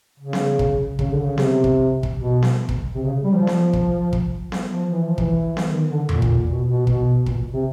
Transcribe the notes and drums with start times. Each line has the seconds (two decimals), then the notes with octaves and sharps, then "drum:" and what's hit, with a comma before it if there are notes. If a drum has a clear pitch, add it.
0.20 C#3
0.33 drum: snare B3
0.59 drum: kick
0.99 C#3, drum: kick
1.11 D3
1.22 C#3
1.38 C3, drum: snare B3
1.64 drum: kick
2.03 drum: kick
2.16 B2
2.42 drum: snare B3
2.69 drum: kick
2.94 C3
3.05 C#3
3.24 G3
3.34 F3
3.47 drum: snare B3
3.73 drum: kick
4.13 drum: kick
4.52 drum: snare B3
4.71 F3
4.91 E3
5.04 F3
5.18 E3, drum: kick
5.57 drum: snare B3
5.70 D#3
5.90 D3
6.09 A#2, drum: tom E2
6.22 drum: kick
6.49 B2
6.68 B2
6.87 B2, drum: kick
7.26 A#2, drum: kick
7.53 C3